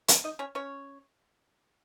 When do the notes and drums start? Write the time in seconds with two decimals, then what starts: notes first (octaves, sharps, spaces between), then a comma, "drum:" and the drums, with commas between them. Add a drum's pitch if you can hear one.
0.08 C#4 C#5, drum: hi-hat
0.24 D#4 D#5
0.39 C#4 C#5
0.55 C#4 C#5